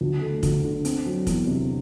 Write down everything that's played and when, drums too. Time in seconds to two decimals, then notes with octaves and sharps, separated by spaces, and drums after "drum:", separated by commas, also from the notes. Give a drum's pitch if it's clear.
0.01 D2
0.21 A3
0.43 D2, drum: kick, hi-hat
0.64 D3
0.85 C4, drum: hi-hat
1.06 F#3
1.27 E2, drum: kick, hi-hat
1.47 C3